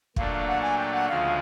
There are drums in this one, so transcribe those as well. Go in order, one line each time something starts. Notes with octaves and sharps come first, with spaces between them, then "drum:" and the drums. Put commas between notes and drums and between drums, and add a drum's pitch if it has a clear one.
A#2 F#3 A3 D4 F5, drum: kick
F5
F#5
G#5
G5
F#5
D2 C#3 F3 G#3 F5